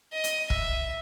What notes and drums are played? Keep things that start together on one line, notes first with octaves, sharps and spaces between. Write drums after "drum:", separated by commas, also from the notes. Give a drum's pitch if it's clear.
D#5
drum: hi-hat
E5, drum: kick